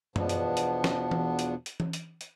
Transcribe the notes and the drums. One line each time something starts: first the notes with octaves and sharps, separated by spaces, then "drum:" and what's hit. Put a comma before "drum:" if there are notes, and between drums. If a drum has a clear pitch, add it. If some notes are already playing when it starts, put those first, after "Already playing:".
E2 B2 F3 B3 D4, drum: tom F#2
drum: hi-hat
drum: hi-hat
drum: snare
drum: tom E3
drum: hi-hat
drum: hi-hat
drum: tom E3
drum: hi-hat
drum: hi-hat